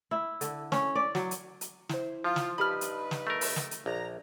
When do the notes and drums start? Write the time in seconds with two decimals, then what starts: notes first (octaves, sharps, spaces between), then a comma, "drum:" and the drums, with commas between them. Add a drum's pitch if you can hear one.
0.11 E4
0.41 D3, drum: hi-hat
0.72 C#4, drum: snare
0.95 D5
1.15 F#3, drum: snare
1.31 drum: hi-hat
1.61 drum: hi-hat
1.89 E4 C5, drum: snare
2.24 F3 F4
2.36 drum: snare
2.58 G2 D#4 G4 B4 A5 B5 F6
2.81 drum: hi-hat
3.11 drum: snare
3.27 A3 A#4
3.41 drum: open hi-hat
3.56 drum: snare
3.71 drum: hi-hat
3.86 A#1 A#5